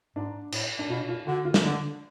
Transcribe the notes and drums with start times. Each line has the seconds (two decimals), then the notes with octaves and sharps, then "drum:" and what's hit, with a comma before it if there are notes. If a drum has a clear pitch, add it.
0.16 G#2 D4
0.52 A2, drum: cymbal
0.79 D4
0.90 B2 F4
1.09 F4
1.27 D3 F#4
1.45 F4
1.54 drum: snare
1.64 D3 D4